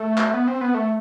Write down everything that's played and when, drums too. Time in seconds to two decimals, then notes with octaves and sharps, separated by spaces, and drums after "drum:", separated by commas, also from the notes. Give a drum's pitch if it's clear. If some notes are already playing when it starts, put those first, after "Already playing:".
Already playing: A3
0.18 drum: clap
0.34 B3
0.47 C4
0.61 B3
0.74 A3